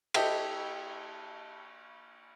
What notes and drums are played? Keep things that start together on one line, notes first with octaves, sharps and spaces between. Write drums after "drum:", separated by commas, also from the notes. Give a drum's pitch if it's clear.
G4 A4 D#5 E5 G5, drum: cymbal